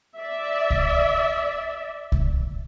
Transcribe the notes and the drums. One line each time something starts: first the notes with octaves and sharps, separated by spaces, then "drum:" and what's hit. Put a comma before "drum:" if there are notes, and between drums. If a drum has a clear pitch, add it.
D5 E5
drum: kick C2
drum: kick C2